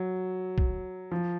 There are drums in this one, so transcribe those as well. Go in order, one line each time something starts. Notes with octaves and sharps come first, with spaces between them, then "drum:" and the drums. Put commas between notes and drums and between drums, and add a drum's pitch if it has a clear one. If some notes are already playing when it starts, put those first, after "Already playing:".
Already playing: F#3
drum: kick
F3